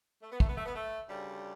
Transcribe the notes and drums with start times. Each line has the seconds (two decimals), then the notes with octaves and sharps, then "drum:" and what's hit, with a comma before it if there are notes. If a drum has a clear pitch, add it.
0.22 A3
0.31 B3
0.40 A3, drum: kick
0.49 B3
0.57 A3
0.66 B3
0.75 A3
1.08 D2 C#3 G3